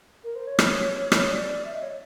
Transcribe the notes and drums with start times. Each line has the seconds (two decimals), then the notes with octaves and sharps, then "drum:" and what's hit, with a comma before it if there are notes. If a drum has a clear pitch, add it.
0.24 A#4
0.35 C5
0.47 C#5
0.59 drum: rim click
1.12 drum: rim click
1.29 D5
1.65 E5
1.74 D#5
1.82 C#5